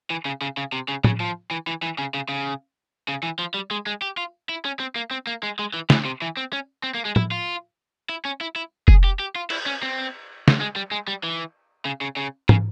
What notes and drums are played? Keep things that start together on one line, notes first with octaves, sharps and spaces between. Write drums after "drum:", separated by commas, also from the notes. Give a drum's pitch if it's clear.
E3
C#3
C#3
C#3
C3
C#3
C#3, drum: tom
F3
E3
E3
E3
C#3
C#3
C#3
C#3
E3
F3
G3
G#3
G#3
G4
F4
E4
C#4
C4
A#3
C4
A#3
G#3
G#3
E3
E3, drum: snare
C3
E3
C4
C#4
C4
A#3
G#3
E4, drum: tom
F4
E4
C#4
E4
E4
G#4, drum: kick F1
G4
G4
F4
E4, drum: cymbal
C#4
C4
drum: snare
G#3
G3
G#3
G3
E3
C#3
C#3
C#3
C#3, drum: tom